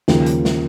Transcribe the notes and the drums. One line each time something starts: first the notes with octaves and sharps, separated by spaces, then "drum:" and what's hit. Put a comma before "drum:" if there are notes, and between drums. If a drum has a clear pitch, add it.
D#2 C#3 F3, drum: snare
drum: hi-hat
drum: snare